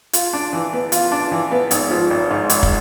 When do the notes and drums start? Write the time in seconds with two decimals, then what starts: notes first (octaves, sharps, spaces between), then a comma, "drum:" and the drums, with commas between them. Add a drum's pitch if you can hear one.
0.13 F4, drum: hi-hat
0.33 D4
0.53 E3
0.73 B3
0.92 F4, drum: hi-hat
1.12 D4
1.31 E3
1.51 B3
1.71 G#1, drum: hi-hat
1.91 F3
2.10 G#1
2.31 G#2
2.50 G#1, drum: hi-hat
2.63 drum: kick